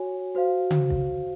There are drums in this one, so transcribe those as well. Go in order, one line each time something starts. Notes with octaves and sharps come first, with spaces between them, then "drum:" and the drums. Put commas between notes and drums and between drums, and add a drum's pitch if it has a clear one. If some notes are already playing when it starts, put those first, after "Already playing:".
Already playing: F#4 C#5 G#5
F#4 C5 F5
drum: tom C#3
drum: kick